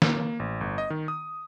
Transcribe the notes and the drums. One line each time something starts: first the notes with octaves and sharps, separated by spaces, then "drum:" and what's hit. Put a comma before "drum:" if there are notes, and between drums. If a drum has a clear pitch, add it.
A#3, drum: snare
A1
G1
D#5
D#3
D#6